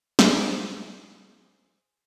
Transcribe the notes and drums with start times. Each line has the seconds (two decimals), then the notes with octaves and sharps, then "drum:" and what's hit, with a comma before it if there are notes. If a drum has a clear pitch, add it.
0.19 G#4 C5, drum: snare